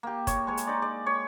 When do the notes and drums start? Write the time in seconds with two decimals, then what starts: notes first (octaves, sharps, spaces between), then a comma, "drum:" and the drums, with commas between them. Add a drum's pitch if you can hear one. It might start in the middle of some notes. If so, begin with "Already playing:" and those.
0.03 A#3 G4
0.27 C#5, drum: kick, hi-hat
0.47 G#3 C#5 C6
0.57 drum: hi-hat
0.67 D#4 D5
0.82 D5
1.06 C#5